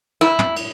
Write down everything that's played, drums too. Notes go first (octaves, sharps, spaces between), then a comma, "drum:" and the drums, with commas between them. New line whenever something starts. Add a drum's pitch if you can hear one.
E4, drum: rim click
drum: tom
drum: cymbal